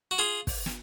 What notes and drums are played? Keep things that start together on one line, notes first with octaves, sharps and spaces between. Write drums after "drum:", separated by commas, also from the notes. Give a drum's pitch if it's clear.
F#4
F4 G#4
drum: kick, open hi-hat
drum: snare